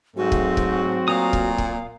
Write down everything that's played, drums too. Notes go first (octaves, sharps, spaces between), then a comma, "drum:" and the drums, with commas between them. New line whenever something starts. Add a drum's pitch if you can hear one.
G#2 F#3 A3 C4 F#4
drum: kick C#1
drum: kick C#1
A#2 F5 A#5 D#6
drum: kick C#1
drum: kick C#1